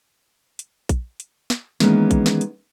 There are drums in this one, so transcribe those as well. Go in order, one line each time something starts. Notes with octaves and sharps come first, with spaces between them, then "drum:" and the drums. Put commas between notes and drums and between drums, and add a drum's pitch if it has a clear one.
drum: hi-hat
drum: kick, hi-hat
drum: hi-hat
drum: snare
D#3 E3 G#3 A#3 B3 C#4, drum: snare
drum: kick, hi-hat
drum: snare
drum: hi-hat